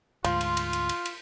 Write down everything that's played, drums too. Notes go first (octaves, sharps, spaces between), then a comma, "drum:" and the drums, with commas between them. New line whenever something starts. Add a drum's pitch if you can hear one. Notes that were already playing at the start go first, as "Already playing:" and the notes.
D2 G#2 F3 F4 C6, drum: cymbal
drum: cymbal
drum: cymbal
drum: cymbal
drum: cymbal
drum: cymbal